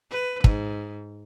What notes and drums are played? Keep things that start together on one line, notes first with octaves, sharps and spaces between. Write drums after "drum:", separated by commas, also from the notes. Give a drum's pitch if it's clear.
B4
G#2, drum: kick